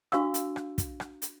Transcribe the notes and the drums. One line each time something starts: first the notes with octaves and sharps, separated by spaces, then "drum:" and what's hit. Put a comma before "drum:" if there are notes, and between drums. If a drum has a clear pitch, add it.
D4 F#4 F5 C#6 E6, drum: rim click
drum: hi-hat
drum: rim click
drum: kick, hi-hat
drum: rim click
drum: hi-hat